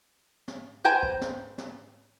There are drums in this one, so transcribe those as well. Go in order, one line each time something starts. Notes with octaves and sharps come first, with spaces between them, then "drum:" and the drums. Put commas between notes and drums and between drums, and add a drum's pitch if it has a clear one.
drum: snare
B4 C5 G5 G#5 A#5
drum: kick
drum: snare
drum: snare